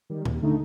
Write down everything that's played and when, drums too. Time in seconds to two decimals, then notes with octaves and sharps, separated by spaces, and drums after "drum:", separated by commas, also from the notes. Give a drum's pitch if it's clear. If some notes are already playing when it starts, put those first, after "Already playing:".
0.10 D#3 G3
0.25 D#2, drum: tom A#2
0.42 D3 A3 D#4